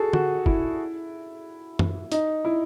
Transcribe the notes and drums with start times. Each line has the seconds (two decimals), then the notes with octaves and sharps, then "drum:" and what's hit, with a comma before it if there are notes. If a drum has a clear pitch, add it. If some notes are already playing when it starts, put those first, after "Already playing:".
Already playing: F#4 G#4 A4
0.13 F#4, drum: tom D3
0.46 E4, drum: kick
1.79 drum: tom F#2
2.12 D#4, drum: hi-hat
2.45 E4